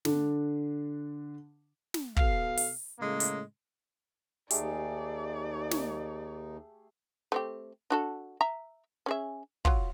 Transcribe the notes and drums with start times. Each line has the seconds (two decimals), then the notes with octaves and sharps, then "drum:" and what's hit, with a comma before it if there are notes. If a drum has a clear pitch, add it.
0.05 D3 D4, drum: snare
1.94 drum: snare
2.16 B2 A4 F5, drum: kick
2.58 drum: open hi-hat
2.99 A2 C#3 G#3 A#3
3.20 drum: hi-hat
4.51 D#2 A3 D#4 G4 G#4 D5, drum: hi-hat
5.71 drum: snare
7.32 A3 C4 G4
7.90 D4 F#4 A4
8.41 E5 A#5
9.06 C#4 G#4 E5
9.65 F#3 F4, drum: kick